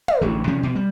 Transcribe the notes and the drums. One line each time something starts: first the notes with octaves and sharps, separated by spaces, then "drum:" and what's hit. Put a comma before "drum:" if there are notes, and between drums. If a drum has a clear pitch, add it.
drum: tom
A1 D3
C3 F3 C#4
B2
G3